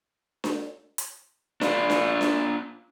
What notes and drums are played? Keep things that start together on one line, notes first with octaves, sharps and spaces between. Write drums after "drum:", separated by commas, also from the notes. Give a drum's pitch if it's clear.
drum: snare D4
drum: hi-hat
D4 F4, drum: snare D4
drum: snare D4
drum: snare D4